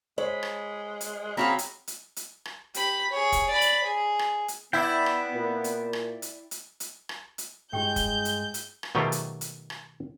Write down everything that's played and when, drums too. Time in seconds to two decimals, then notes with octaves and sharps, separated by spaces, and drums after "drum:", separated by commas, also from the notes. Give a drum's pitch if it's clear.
0.18 G#3 C5 C#5 B5
0.43 drum: rim click
1.01 drum: hi-hat
1.37 C#3 C4 F#4 F5 A#5 B5
1.58 drum: hi-hat
1.87 drum: hi-hat
2.16 drum: hi-hat
2.45 drum: rim click
2.74 G4 B5, drum: hi-hat
3.10 G#4 C#5
3.32 drum: kick, hi-hat
3.49 D5 B5
3.61 drum: hi-hat
3.84 G#4
4.19 drum: rim click
4.48 drum: hi-hat
4.73 B3 E4 D5 E5 G5
5.06 drum: rim click
5.34 A#2
5.64 drum: hi-hat
5.93 drum: rim click
6.22 drum: hi-hat
6.51 drum: hi-hat
6.80 drum: hi-hat
7.09 drum: rim click
7.38 drum: hi-hat
7.73 G2 G#3 E4 G4 G5 G6
7.96 drum: kick, hi-hat
8.25 drum: hi-hat
8.54 drum: hi-hat
8.83 drum: rim click
8.95 B2 D#3 F#3 A3 F4 G4
9.12 drum: hi-hat
9.41 drum: hi-hat
9.70 drum: rim click